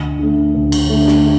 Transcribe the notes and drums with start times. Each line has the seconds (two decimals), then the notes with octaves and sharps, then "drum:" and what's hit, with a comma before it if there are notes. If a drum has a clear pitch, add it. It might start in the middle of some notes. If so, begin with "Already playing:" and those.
Already playing: D2
0.19 D3 A3
0.55 D2
0.72 drum: cymbal
0.89 D3 A3
1.08 drum: snare